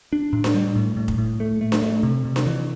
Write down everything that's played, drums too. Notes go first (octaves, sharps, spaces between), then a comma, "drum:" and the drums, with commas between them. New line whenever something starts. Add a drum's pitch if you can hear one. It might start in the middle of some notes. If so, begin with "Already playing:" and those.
D4
A2
drum: snare D4
G3
A2
A2
drum: kick
A2
A3
A3
drum: snare D4
A3
C3
C3
drum: snare D4
E3